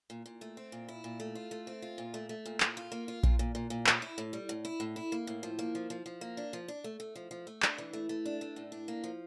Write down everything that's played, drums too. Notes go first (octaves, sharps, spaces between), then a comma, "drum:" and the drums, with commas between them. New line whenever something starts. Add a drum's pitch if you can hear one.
A#2
A#2
A3
C4
A#2
E4
A#2
A3
F4
A3
C4
F4
A#2
A3
A3
A#2
A#2, drum: clap
F4
A#3
F4
A#2, drum: kick A#1
A#2
A#2
A#2
A2, drum: clap
E4
A2
G3
A2
E4
A2
E4
A#3
A2
F3
A#3
F3
F3
F3
A#3
D4
F3
D4
A3
A3
F3
F3
A3
D4, drum: clap
E3
A3
A3
D4
A3
A2
D4
A#3
F3